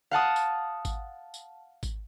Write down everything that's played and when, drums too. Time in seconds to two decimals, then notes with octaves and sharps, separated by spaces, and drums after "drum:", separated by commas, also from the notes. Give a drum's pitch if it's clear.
0.11 F5 F#5 A5 D#6
0.36 drum: tambourine
0.85 drum: kick G#1, tambourine
1.34 drum: tambourine
1.83 drum: kick G#1, tambourine